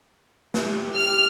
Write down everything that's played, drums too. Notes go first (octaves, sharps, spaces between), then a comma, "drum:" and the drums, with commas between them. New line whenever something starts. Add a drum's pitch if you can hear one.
G4, drum: snare
F6